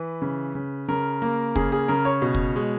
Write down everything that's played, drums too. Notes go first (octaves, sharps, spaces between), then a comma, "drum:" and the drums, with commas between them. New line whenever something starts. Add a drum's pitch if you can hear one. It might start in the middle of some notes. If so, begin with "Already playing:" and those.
Already playing: E3 B4
C#3
C#3
C#3 A#4
A#3
C#3 G#4, drum: kick
G#4
C#3 A#4
C#5
B2
drum: kick
G#3